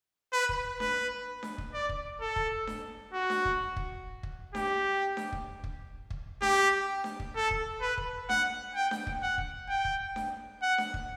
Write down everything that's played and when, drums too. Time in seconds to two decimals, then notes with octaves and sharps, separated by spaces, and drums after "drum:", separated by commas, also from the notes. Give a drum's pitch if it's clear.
0.33 B4
0.49 drum: kick
0.80 B4, drum: snare D4
1.43 drum: snare D4
1.58 drum: kick
1.74 D5
1.89 drum: kick
2.21 A4
2.36 drum: kick
2.67 drum: snare D4
3.14 F#4
3.30 drum: snare D4
3.45 drum: kick
3.77 drum: kick
4.23 drum: kick
4.55 G4, drum: snare D4
5.17 drum: snare D4
5.32 drum: kick
5.64 drum: kick
6.10 drum: kick
6.42 G4, drum: snare D4
7.04 drum: snare D4
7.20 drum: kick
7.36 A4
7.51 drum: kick
7.81 B4
7.98 drum: kick
8.29 F#5, drum: snare D4
8.75 G5
8.91 drum: snare D4
9.07 drum: kick
9.23 F#5
9.38 drum: kick
9.69 G5
9.85 drum: kick
10.16 drum: snare D4
10.62 F#5
10.78 drum: snare D4
10.94 drum: kick